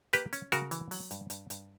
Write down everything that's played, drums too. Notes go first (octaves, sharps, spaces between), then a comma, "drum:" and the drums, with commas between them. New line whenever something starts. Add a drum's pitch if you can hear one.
A#3 G4 B4, drum: hi-hat
C#4, drum: hi-hat
C#3 F#4 A#4, drum: hi-hat
E3, drum: hi-hat
F#3, drum: open hi-hat
G2, drum: hi-hat
G2, drum: hi-hat
G2, drum: hi-hat